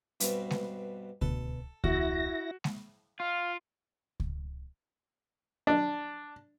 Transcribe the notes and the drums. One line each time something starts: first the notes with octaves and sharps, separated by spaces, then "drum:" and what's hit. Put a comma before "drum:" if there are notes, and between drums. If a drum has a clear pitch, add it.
G2 B2 C4, drum: hi-hat
drum: snare G#3
D2 B2 A4 B4, drum: kick C#2
E2 E4 F#4 E5 A#6, drum: kick C#2
drum: snare G#3
F4 F5
drum: kick C#2
D4